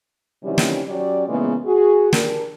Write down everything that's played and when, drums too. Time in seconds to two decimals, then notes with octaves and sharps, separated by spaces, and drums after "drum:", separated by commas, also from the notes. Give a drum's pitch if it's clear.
0.42 C3 D#3 E3 F#3 G3 C#4
0.58 drum: snare
0.88 F#3 C#4 G4 D5
1.28 A#2 C#3 E3 G#3 A#3 B3
1.65 F#4 G#4
2.13 D4 G4 A#4, drum: snare